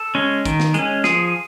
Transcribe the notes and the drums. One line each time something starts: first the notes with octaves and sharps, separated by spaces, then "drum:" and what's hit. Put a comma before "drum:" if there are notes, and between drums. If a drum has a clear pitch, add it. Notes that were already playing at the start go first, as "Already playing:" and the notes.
Already playing: A4
G#3 C#4
D#3, drum: kick, hi-hat
drum: snare
G#3 C#4, drum: hi-hat
F3 G#4, drum: snare